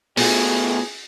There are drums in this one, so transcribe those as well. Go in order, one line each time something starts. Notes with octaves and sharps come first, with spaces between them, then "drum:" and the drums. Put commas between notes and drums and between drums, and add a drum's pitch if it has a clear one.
B2 A3 B3 F4 F#4 G#4, drum: open hi-hat